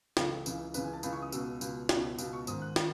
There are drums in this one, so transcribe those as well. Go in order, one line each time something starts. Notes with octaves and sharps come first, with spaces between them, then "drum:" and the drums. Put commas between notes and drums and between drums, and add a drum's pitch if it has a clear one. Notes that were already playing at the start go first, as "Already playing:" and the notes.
C#2 C#3 E3 A4, drum: snare
C#2 C#3 E3, drum: tambourine
C#2 C#3 E3 B4, drum: tambourine
G#5
A5
C#2 C#3 E3 B5, drum: tambourine
C#6
D#6
C#2 B2 E6, drum: tambourine
C#2 B2, drum: tambourine
C#2 B2, drum: snare
C#2 B2, drum: tambourine
C#6
G#2 D#3 D#6, drum: tambourine
F#6
D#3 A6, drum: snare